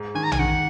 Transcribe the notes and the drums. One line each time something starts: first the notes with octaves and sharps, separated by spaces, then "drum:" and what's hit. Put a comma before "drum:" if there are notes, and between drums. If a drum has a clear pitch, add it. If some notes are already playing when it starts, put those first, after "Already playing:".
Already playing: G#2
D#3 G#5
A#5
G#5, drum: tom A#1
D#3 F#5